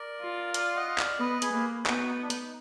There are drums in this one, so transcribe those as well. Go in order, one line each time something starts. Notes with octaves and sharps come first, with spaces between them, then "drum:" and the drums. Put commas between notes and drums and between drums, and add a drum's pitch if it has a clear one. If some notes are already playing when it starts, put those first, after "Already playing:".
Already playing: A#4 D5
F4
D5 F5, drum: hi-hat
D#5 F#5
D5 F5, drum: clap
B3 B4 D#5
G#4 B4, drum: hi-hat
A#3
B3 D#4 F#4, drum: clap
D#4
D4
D#4, drum: hi-hat